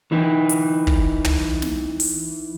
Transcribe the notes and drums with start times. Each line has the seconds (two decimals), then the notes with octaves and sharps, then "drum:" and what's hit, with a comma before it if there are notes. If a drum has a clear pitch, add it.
0.12 E3 D#4
0.49 drum: hi-hat
0.87 drum: kick
1.24 drum: tom
1.62 drum: snare
2.00 drum: open hi-hat